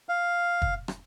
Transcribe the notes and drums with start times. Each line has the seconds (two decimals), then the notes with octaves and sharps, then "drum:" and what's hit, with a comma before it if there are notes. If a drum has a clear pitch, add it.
0.09 F5
0.62 drum: kick
0.88 drum: rim click